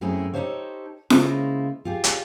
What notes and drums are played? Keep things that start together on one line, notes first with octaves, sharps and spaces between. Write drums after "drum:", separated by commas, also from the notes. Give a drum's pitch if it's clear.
F#2 A3 C4 E4 G#4 A#4
D#4 F4 G4 A4 C5 C#5
C#3 G#3 A#3 E4 F4 C5, drum: snare F4
F4 G4 G#4
drum: hi-hat